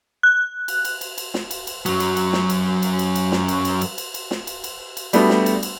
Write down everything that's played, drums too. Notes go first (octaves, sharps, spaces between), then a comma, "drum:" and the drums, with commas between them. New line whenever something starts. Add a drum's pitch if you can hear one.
F#6
drum: cymbal
drum: cymbal
drum: cymbal
drum: cymbal
drum: snare
drum: cymbal
drum: cymbal
F#2 F#3, drum: cymbal
drum: cymbal
drum: cymbal
drum: snare
drum: cymbal
drum: cymbal
drum: cymbal
drum: cymbal
drum: snare
drum: cymbal
drum: cymbal
drum: cymbal
drum: cymbal
drum: cymbal
drum: snare
drum: cymbal
drum: cymbal
drum: cymbal
G3 A3 B3 D4 F#4, drum: cymbal
drum: snare
drum: cymbal
drum: cymbal